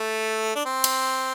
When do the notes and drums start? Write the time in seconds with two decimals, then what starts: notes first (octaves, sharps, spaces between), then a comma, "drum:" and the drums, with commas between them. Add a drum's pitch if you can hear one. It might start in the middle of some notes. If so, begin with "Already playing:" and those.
Already playing: A3
0.56 D4
0.66 C4
0.84 drum: cymbal